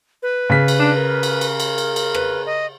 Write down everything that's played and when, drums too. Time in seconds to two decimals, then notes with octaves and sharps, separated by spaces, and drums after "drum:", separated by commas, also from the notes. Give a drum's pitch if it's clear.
0.23 B4
0.50 C#3 B6
0.68 drum: cymbal
0.79 D4
0.97 A#4
1.23 drum: cymbal
1.41 drum: cymbal
1.60 drum: cymbal
1.78 drum: cymbal
1.96 drum: cymbal
2.15 B4, drum: rim click
2.46 D#5